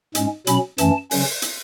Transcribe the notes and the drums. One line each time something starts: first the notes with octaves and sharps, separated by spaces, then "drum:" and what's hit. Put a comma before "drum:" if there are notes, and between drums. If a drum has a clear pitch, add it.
G#2 G#3 C#4, drum: hi-hat
B2 F#3 C#4 B5, drum: hi-hat
F#2 E3 A3 C#4 A5, drum: hi-hat
C#3 F#3 C#4, drum: open hi-hat
drum: hi-hat